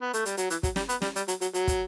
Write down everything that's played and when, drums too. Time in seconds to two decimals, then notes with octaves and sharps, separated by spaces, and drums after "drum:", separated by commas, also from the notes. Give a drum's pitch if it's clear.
0.01 B3
0.13 A3, drum: hi-hat
0.25 G3, drum: hi-hat
0.37 F#3, drum: hi-hat
0.50 E3, drum: hi-hat
0.63 F#3, drum: kick, hi-hat
0.76 G3, drum: snare
0.89 B3, drum: hi-hat
1.02 G3, drum: snare
1.16 G3, drum: hi-hat
1.28 F#3, drum: hi-hat
1.41 F#3, drum: hi-hat
1.54 F#3, drum: hi-hat
1.67 drum: kick, hi-hat